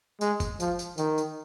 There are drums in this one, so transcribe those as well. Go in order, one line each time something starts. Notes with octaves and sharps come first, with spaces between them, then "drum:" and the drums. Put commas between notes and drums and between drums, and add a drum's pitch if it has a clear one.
G#3, drum: tambourine
drum: kick, tambourine
F3, drum: tambourine
drum: tambourine
D#3, drum: tambourine
drum: tambourine